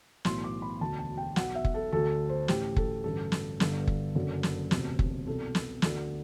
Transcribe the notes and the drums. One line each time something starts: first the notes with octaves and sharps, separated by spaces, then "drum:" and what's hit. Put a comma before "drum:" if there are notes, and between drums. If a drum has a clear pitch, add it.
B1 A2 E3 C6, drum: snare
D6
B5
E1 D2 D3 A5
A5
G5
B1 B2 F#5, drum: snare
E5
drum: kick
A4
D2 D3 A4
C5
A1 A2 E3 G4, drum: snare
A4, drum: kick
A1 G2 D3 A4
drum: snare
G1 G2 D3, drum: snare
drum: kick
F#1 F#2 D3
drum: snare
E1 D2 C3, drum: snare
drum: kick
C2 B2 A4
drum: snare
D2 D3, drum: snare